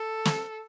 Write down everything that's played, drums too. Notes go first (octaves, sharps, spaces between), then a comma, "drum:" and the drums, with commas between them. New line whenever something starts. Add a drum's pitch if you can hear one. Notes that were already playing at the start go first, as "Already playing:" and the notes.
Already playing: A4
drum: snare